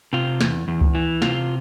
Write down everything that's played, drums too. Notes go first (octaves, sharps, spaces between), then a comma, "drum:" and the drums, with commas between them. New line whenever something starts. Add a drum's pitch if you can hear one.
C3 F4
E2, drum: snare
E2
drum: kick C#2
E3
C3 F4, drum: snare